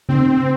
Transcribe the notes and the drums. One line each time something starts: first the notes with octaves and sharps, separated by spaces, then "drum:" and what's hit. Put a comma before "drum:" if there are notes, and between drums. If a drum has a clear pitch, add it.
C4, drum: tom C#3